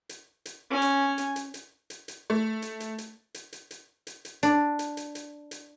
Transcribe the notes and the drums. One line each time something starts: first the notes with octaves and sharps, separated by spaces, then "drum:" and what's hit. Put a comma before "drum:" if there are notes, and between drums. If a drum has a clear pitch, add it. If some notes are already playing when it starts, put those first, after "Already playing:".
drum: hi-hat
drum: hi-hat
C#4 G#5
drum: hi-hat
drum: hi-hat
drum: hi-hat
drum: hi-hat
drum: hi-hat
drum: hi-hat
A3
drum: hi-hat
drum: hi-hat
drum: hi-hat
drum: hi-hat
drum: hi-hat
drum: hi-hat
drum: hi-hat
drum: hi-hat
D4, drum: hi-hat
drum: hi-hat
drum: hi-hat
drum: hi-hat
drum: hi-hat